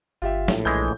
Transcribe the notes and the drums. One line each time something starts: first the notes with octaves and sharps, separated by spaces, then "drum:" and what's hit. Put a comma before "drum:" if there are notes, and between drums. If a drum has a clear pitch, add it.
G1 F4 G4 E5
A#1 A2, drum: snare
B1 E3 G#3 G6